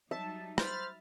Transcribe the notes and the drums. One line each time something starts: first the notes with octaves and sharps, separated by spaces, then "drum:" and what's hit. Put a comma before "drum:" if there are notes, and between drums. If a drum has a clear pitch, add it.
F#3 G3 D#4 E5 A5
C5 B5 F6 A6, drum: rim click